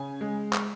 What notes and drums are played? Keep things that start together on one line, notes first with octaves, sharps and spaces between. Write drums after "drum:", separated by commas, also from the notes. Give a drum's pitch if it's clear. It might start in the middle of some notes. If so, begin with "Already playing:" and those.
Already playing: C#3 G#5
G#3
drum: clap